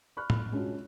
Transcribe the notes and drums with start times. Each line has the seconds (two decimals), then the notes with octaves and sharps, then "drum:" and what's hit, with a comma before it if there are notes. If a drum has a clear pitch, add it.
0.17 D5 B5 C#6 F6 F#6
0.30 B5, drum: tom
0.52 G#3 C#4 D4 F4 F#4